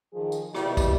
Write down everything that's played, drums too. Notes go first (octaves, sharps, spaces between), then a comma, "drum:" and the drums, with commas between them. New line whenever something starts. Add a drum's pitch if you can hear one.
D#3 F3 G#4
drum: tambourine
B2 G3 E4, drum: rim click
drum: kick, tambourine